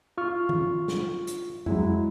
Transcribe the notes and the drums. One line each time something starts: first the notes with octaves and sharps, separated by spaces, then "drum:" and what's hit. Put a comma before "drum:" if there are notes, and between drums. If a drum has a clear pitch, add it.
F4 C#6 F6
drum: tom D#3
drum: snare
drum: hi-hat
F#3 G#3 E4, drum: tom F2